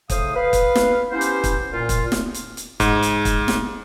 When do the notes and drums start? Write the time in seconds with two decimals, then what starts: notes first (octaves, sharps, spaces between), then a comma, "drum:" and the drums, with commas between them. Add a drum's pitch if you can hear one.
0.10 A2 C#3 C5 F5 D#6, drum: kick, hi-hat
0.35 B4 F5
0.53 drum: kick, hi-hat
0.75 drum: snare
1.11 B3 C#4 E4 G4 C5
1.21 drum: hi-hat
1.44 drum: kick, hi-hat
1.73 A#2 F4
1.89 drum: kick, hi-hat
2.12 drum: snare
2.34 drum: hi-hat
2.57 drum: hi-hat
2.80 G#2, drum: kick, hi-hat
3.02 drum: hi-hat
3.25 drum: kick, hi-hat
3.48 drum: snare